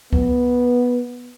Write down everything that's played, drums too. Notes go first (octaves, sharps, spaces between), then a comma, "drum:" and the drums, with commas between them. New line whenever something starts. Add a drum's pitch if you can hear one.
B3, drum: kick C#2